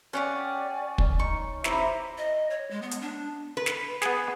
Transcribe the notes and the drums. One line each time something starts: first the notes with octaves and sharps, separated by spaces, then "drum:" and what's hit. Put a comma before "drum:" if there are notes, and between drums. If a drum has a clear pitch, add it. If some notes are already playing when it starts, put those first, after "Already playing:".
C#4 G4 D5 F5 F#5 G#5
drum: kick
D#4 C#6
E4 C5 E5 A#5 B5 D6, drum: snare
D#5
C#5
G#3
B3
drum: hi-hat
D4
B4
drum: snare
B3 G#4, drum: snare